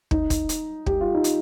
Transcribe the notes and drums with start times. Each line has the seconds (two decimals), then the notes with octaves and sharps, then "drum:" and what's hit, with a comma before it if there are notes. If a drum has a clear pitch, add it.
0.11 D#4, drum: kick
0.30 drum: kick, hi-hat
0.49 drum: hi-hat
0.86 G4, drum: kick
1.01 F4
1.14 D#4
1.24 drum: hi-hat